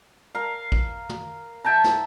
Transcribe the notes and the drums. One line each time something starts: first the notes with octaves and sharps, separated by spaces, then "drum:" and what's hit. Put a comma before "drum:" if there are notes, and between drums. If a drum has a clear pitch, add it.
A#4 F5
drum: kick
drum: tom
E5 G5 A5 A#5
drum: snare